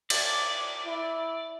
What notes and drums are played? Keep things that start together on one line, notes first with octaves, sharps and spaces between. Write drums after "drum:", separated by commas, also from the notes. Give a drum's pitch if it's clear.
D5, drum: cymbal
E4